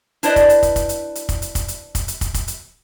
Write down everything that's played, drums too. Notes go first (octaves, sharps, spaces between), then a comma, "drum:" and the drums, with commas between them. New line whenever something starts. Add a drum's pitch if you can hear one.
D4 E4 B4 C5 D5 D#5, drum: hi-hat
drum: kick, hi-hat
drum: hi-hat
drum: kick, hi-hat
drum: kick, hi-hat
drum: hi-hat
drum: hi-hat
drum: kick, hi-hat
drum: hi-hat
drum: kick, hi-hat
drum: hi-hat
drum: kick, hi-hat
drum: hi-hat
drum: kick, hi-hat
drum: kick, hi-hat
drum: hi-hat